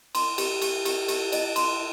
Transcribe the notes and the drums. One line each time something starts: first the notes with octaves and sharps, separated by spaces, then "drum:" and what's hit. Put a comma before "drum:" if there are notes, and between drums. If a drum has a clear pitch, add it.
C6, drum: cymbal
G4, drum: cymbal
G4, drum: cymbal
G4, drum: cymbal
G4, drum: cymbal
D#5, drum: cymbal
C6, drum: cymbal